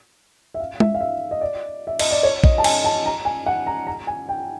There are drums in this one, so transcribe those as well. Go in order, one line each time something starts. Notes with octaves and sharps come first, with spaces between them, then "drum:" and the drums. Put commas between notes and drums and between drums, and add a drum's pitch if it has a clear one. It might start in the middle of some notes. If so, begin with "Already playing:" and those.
E5
F5
E5, drum: tom G#3
F5
E5
D#5
D5
E5
D#5, drum: cymbal
D5
C#5
D#5, drum: kick A#1
A5
G#5, drum: cymbal
A5
A#5
G#5
F#5
A#5
A#5
G#5
G5